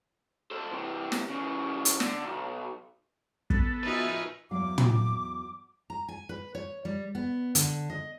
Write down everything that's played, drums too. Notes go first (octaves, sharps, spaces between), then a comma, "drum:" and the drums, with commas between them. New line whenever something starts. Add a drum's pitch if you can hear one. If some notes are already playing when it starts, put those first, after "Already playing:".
A4 C5
C3 E3
drum: snare
C#3 E3
drum: hi-hat
D3, drum: snare
B1
B3 A4, drum: kick
F3 D#4 F#4 A#4 B4 E5 G#5
E2 F#3 F5 D6
drum: tom
A#5
G#5
B4
C#5
G3
B3
D3, drum: hi-hat
D#5